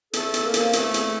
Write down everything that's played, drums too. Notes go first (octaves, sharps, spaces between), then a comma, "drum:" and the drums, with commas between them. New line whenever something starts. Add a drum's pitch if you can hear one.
E2 A3 A4, drum: hi-hat
E3, drum: hi-hat
A#3 A#4
C3, drum: hi-hat
E2 A3 A4, drum: hi-hat
E2, drum: hi-hat